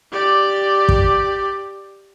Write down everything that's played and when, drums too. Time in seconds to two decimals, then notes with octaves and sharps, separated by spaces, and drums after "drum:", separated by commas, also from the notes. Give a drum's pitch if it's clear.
0.11 G4 D5
0.89 drum: kick